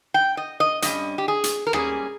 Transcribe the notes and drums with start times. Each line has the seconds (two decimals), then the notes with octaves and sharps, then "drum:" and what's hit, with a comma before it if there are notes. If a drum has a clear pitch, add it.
0.14 G5
0.37 D#5
0.60 D#5
0.82 G2 G3 C#4 D#5, drum: hi-hat
1.18 G4
1.28 G#4
1.44 drum: hi-hat
1.67 A#4
1.73 G#2 G3 A#3 C#4 G#4, drum: rim click